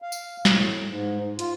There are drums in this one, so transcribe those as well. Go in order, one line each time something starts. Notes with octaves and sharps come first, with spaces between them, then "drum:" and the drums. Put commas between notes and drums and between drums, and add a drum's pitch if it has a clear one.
F5
drum: tambourine
A2, drum: snare
G#2
F4, drum: hi-hat